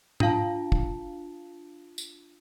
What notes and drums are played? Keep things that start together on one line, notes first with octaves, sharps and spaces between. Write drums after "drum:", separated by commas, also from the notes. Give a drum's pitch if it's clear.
D4 F4 F5 A5, drum: tom G#2
drum: kick
drum: tambourine